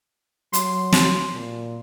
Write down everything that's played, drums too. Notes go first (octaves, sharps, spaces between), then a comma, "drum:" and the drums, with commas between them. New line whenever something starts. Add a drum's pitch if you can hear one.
F#3 C6, drum: hi-hat
drum: snare
A#2